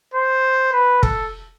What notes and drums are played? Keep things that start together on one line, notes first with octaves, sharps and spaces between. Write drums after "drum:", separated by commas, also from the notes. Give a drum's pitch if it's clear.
C5
B4
A4, drum: kick